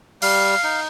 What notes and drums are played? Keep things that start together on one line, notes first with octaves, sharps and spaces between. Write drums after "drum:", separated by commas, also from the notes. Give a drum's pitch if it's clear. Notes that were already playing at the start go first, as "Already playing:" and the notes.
G3 F5, drum: open hi-hat
D#4